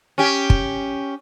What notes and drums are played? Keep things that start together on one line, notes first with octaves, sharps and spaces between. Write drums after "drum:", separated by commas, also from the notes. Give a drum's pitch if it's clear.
C#4 G4
drum: kick